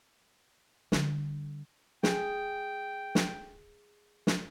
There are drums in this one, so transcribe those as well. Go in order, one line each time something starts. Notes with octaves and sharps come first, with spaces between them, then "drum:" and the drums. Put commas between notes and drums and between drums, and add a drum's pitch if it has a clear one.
D3 G3, drum: snare
G#4 G5, drum: snare
drum: snare
drum: snare